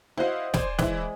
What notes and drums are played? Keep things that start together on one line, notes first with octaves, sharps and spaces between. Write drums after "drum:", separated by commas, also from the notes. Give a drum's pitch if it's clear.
E4 F#4 C5 D#5 F5
C5 D5 G#5 C6, drum: snare
E3 G#3 E4, drum: snare